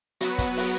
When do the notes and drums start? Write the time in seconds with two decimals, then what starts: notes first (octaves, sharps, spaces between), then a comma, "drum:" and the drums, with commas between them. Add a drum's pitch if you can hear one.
0.21 F#3 B3 F#4 B4, drum: hi-hat
0.38 drum: kick, hi-hat
0.57 drum: open hi-hat